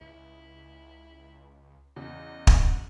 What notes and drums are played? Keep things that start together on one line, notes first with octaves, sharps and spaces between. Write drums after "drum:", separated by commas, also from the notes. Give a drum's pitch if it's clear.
C#2 E4
E2 C#3 D#5
drum: kick
F#2 F#5